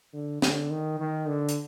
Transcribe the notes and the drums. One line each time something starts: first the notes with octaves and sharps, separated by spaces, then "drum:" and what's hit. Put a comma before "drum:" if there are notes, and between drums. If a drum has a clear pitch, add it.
D3
D3, drum: snare
D#3
D#3
D3
drum: hi-hat